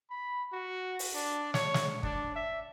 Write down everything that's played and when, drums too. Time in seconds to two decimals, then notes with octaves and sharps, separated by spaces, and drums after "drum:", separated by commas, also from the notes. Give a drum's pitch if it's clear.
0.10 B5
0.52 F#4
0.99 drum: open hi-hat
1.14 D4
1.54 C#5, drum: snare
1.74 drum: snare
2.03 D4, drum: kick
2.35 E5